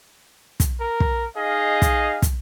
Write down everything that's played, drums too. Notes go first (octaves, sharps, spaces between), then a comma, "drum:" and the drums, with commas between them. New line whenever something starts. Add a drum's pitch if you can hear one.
drum: kick, hi-hat
A#4
drum: kick
D#4 G#4 D#5 F5
drum: kick, hi-hat
drum: kick, hi-hat